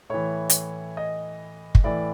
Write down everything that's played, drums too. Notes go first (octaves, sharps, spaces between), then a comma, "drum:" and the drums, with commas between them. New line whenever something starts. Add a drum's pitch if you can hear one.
A2 E3 C#5
drum: hi-hat
D#5
drum: kick
A2 E3 D5